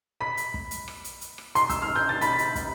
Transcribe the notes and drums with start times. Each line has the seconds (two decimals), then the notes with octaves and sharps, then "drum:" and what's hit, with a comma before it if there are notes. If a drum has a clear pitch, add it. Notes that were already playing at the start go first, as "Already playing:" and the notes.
0.21 B5 B6
0.37 drum: hi-hat
0.54 drum: kick
0.71 drum: hi-hat
0.88 drum: rim click
1.04 drum: hi-hat
1.21 drum: hi-hat
1.38 drum: rim click
1.55 C6 C7, drum: hi-hat
1.70 E6, drum: kick, hi-hat
1.82 F6
1.96 G6
2.09 A6
2.21 B5 B6, drum: hi-hat
2.39 drum: hi-hat
2.55 drum: kick, hi-hat